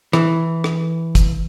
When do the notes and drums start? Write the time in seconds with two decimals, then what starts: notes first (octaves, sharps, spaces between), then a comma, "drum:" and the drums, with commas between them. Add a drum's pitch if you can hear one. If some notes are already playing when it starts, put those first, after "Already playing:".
0.13 E3, drum: rim click
0.64 drum: rim click
1.15 drum: kick, hi-hat